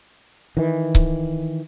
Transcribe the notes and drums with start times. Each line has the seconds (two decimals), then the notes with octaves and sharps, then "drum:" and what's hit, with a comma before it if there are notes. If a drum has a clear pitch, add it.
0.57 D#3 E3
0.95 drum: kick C#1